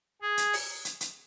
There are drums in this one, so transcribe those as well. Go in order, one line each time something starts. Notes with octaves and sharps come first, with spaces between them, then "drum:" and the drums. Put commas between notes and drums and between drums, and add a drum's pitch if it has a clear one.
G#4
drum: hi-hat
drum: open hi-hat
drum: hi-hat
drum: hi-hat